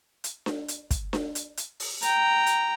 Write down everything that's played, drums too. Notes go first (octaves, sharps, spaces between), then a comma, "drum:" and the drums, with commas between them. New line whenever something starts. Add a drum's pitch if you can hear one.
drum: hi-hat
drum: snare D4
drum: hi-hat
drum: kick, hi-hat
drum: snare D4
drum: hi-hat
drum: hi-hat
drum: open hi-hat
G5 A#5, drum: hi-hat
drum: hi-hat